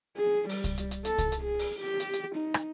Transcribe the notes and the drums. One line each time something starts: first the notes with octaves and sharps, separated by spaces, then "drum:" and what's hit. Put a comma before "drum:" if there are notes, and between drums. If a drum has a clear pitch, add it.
G#4
G3, drum: open hi-hat
drum: kick C2, hi-hat
drum: hi-hat
drum: hi-hat
A4, drum: hi-hat
drum: kick C2, hi-hat
drum: hi-hat
G#4
drum: open hi-hat
G4
drum: hi-hat
drum: hi-hat
D#4
drum: rim click